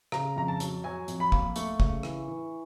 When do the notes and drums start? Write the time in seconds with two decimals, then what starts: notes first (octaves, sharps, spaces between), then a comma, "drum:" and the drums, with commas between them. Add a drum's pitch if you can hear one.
0.12 C#3 A#5, drum: rim click
0.36 F2 A#5
0.48 A5
0.60 F#3, drum: hi-hat
0.84 F#3 G#5
1.08 F2, drum: hi-hat
1.20 B5
1.32 A#3, drum: kick
1.56 A3 C#6, drum: hi-hat
1.80 C#3, drum: kick
2.03 E3, drum: rim click
2.28 E3